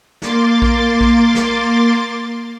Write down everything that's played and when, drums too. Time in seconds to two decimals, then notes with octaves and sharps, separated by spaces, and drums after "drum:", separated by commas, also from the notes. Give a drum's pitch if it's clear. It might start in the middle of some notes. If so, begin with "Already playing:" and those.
0.22 A#3 C6 D6 A6, drum: snare
0.62 drum: kick A#1
1.01 drum: kick A#1
1.35 drum: snare